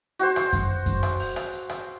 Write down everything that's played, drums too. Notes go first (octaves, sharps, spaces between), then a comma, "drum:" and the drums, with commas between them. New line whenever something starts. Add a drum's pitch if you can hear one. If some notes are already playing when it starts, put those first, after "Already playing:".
F#4 C5, drum: hi-hat
drum: rim click
drum: kick F#2, hi-hat
drum: kick F#2, hi-hat
drum: rim click
drum: open hi-hat
drum: rim click
drum: hi-hat
drum: rim click